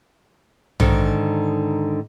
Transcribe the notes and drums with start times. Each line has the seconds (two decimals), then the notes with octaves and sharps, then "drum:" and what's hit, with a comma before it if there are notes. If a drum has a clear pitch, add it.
0.80 G#2 D3 D#3, drum: tom A#1